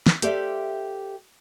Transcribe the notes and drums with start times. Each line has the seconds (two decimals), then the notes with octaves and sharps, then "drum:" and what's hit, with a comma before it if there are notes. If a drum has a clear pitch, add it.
0.06 drum: snare
0.22 G4 A4 C5 D5 E5 F5, drum: hi-hat